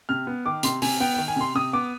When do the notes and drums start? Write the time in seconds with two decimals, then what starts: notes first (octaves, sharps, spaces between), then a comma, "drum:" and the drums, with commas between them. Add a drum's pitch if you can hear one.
0.09 C3 F6
0.27 B3
0.46 D#3 D6
0.63 C3 C6, drum: hi-hat
0.82 C3 G#5, drum: open hi-hat
1.00 B3 G5
1.14 D#3 G5
1.28 G#5
1.36 C3 C6
1.55 C3 D#6
1.73 B3 D6